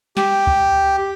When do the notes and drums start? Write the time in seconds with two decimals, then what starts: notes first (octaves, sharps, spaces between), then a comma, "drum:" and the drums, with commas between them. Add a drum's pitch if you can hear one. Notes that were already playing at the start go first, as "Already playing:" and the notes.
0.17 G4, drum: snare
0.47 drum: kick C#2